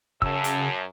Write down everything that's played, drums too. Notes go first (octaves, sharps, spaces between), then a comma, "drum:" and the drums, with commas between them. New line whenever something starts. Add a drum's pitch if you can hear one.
F#2 C#3 A5 E6, drum: kick
drum: hi-hat